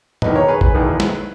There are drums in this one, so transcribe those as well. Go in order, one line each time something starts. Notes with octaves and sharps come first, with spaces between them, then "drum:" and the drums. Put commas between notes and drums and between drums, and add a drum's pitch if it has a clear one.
E1 E2 D#3 B4 D#5, drum: tom
A#4 C#5
G#4 B4
G#4 B4, drum: kick A1
E1 E2 D#3
drum: snare